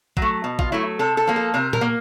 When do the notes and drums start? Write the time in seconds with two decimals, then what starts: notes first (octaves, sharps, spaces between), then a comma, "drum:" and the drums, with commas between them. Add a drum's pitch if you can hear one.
0.17 F#3, drum: kick
0.22 A3
0.44 B2
0.59 F4, drum: kick
0.72 F#3 A3 E4
0.99 C3 A4
1.17 A4
1.27 F3 A#3
1.36 A4
1.54 C3 A#4
1.73 A#4, drum: tom A#2
1.81 A#3